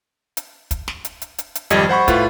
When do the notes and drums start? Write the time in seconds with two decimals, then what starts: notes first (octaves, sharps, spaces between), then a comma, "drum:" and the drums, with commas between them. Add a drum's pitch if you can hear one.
0.37 drum: hi-hat
0.71 drum: kick, hi-hat
0.88 drum: snare
1.05 drum: hi-hat
1.22 drum: hi-hat
1.38 drum: hi-hat
1.55 drum: hi-hat
1.70 G#1 F2 G3 D#5 G#6, drum: hi-hat
1.89 C5 F#5 B5 C#6
2.08 A2 F4 B4, drum: kick, hi-hat